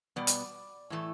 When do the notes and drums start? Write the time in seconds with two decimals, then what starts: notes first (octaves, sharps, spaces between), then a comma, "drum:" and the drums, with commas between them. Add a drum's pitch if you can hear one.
0.16 B2 G3 B3 D5
0.27 drum: hi-hat
0.90 A2 E3 A3